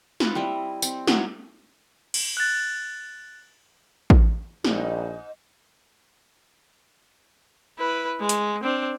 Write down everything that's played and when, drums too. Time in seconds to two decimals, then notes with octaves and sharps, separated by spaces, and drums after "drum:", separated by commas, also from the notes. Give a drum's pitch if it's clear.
0.20 F4 B4 F#5 A5, drum: snare
0.35 G3 C4 E4 D#5
0.82 C4, drum: tambourine
1.07 F#3 E4 C#5, drum: snare
2.14 drum: cymbal
2.37 F#6 A6
4.10 drum: kick A1
4.65 A#1 G#2 D#4, drum: snare
7.79 E4 B4
8.20 G#3
8.29 drum: hi-hat
8.63 C4 D4